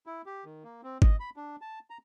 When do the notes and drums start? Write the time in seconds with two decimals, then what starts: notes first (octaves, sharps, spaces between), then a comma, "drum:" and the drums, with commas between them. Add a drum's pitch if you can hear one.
0.07 E4
0.26 G4
0.45 D#3
0.64 A#3
0.83 C4
1.02 D#5, drum: kick G1
1.20 B5
1.36 D4
1.61 A5
1.90 A#5